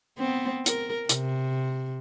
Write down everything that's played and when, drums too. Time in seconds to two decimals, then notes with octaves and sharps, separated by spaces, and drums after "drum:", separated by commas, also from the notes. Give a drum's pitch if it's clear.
0.18 B3 C4
0.66 A#4, drum: hi-hat
1.09 C3, drum: hi-hat